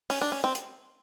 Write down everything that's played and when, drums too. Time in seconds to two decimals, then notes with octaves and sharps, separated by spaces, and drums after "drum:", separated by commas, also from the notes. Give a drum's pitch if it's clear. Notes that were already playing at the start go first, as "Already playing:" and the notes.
0.10 C#4, drum: open hi-hat
0.21 D4
0.32 C#4
0.44 C4
0.55 drum: hi-hat